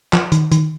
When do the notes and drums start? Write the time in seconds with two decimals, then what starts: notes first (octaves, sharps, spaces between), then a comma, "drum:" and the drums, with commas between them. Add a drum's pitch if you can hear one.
0.13 F3, drum: clap
0.32 D#3, drum: hi-hat
0.52 D#3, drum: hi-hat